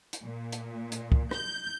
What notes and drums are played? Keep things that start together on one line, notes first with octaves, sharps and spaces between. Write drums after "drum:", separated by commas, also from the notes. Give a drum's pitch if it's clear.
drum: hi-hat
A#2
drum: hi-hat
drum: hi-hat
drum: kick
G6, drum: rim click